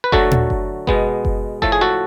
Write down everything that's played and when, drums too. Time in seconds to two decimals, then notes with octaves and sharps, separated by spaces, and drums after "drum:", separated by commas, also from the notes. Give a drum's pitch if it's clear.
0.04 B4
0.12 D3 F#3 A3 F#4 A4, drum: kick F#1
0.31 drum: tom A#2
0.50 drum: kick F#1
0.87 B2 G#3 B3, drum: kick F#1
1.25 drum: kick F#1
1.62 A2 F3 A3 A4, drum: kick F#1
1.72 G#4
1.81 F#4 A4